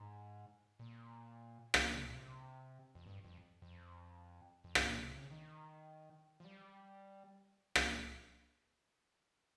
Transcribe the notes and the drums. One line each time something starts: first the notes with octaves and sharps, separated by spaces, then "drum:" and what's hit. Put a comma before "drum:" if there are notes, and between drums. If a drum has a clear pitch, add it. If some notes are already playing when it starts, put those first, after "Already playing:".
Already playing: G#2
A#2
drum: rim click
C#3
C3
A#2
C3
F2
G2
F2
F2
F2
G2, drum: rim click
A#2
C3
C#3
D#3
F3
G3
drum: rim click